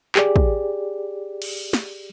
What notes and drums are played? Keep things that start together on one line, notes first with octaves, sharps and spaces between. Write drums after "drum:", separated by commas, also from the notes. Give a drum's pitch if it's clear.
G4 G#4 D5, drum: clap
drum: kick
drum: cymbal
drum: snare